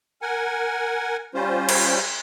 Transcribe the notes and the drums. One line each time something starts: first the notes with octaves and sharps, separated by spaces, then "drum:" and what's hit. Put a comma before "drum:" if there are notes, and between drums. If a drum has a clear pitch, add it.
A#4 F#5 G#5
G3 C#4 F4 C5
drum: cymbal